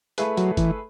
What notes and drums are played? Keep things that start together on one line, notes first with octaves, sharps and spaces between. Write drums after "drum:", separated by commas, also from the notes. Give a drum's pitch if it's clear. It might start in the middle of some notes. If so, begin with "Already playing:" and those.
A3 E4 G#4 B4, drum: hi-hat
F#3, drum: hi-hat
E3, drum: kick G1, hi-hat